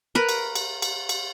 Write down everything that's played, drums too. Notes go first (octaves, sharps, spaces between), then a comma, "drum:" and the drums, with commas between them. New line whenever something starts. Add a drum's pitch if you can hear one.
A#4 B4
drum: cymbal
drum: cymbal
drum: cymbal
drum: cymbal